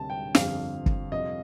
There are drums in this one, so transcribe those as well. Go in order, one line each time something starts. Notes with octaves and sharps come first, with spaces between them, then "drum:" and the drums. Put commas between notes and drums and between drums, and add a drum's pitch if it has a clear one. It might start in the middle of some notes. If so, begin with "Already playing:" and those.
Already playing: D2 C3 G3 A5
G5
G1 F2 D3 G3 C4 F5, drum: snare
drum: kick
F2 C3 G3 D4 D#5